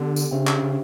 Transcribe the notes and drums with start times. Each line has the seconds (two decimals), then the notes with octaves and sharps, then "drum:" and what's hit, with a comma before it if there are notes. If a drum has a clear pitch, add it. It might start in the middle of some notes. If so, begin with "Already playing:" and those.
Already playing: D3 B3 D4 G4
0.16 drum: tambourine
0.31 C#3 D4 G4 C5 E5 G5
0.47 drum: clap
0.63 C#3